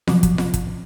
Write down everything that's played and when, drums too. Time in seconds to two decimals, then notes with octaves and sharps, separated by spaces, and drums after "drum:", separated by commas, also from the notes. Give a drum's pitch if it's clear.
0.08 C3 F3 F#3, drum: snare F4
0.23 drum: kick, hi-hat
0.38 drum: snare F4
0.54 drum: kick, hi-hat